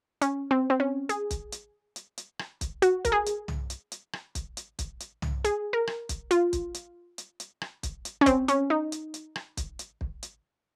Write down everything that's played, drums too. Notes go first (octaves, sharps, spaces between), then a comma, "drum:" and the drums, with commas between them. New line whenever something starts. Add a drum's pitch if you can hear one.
C#4, drum: hi-hat
C4
C4
C#4
G#4, drum: hi-hat
drum: kick, hi-hat
drum: hi-hat
drum: hi-hat
drum: hi-hat
drum: rim click
drum: kick, hi-hat
F#4, drum: hi-hat
A#4, drum: kick, hi-hat
G#4
drum: hi-hat
drum: tom
drum: hi-hat
drum: hi-hat
drum: rim click
drum: kick, hi-hat
drum: hi-hat
drum: kick, hi-hat
drum: hi-hat
drum: tom
G#4, drum: hi-hat
A#4
drum: rim click
drum: kick, hi-hat
F4, drum: hi-hat
drum: kick, hi-hat
drum: hi-hat
drum: hi-hat
drum: hi-hat
drum: rim click
drum: kick, hi-hat
drum: hi-hat
C#4
C4, drum: kick, hi-hat
C#4, drum: hi-hat
D#4
drum: hi-hat
drum: hi-hat
drum: rim click
drum: kick, hi-hat
drum: hi-hat
drum: kick
drum: hi-hat